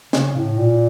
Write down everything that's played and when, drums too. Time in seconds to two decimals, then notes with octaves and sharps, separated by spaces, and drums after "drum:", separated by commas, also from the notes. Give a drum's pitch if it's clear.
0.13 C#3, drum: snare
0.36 A2
0.59 A#2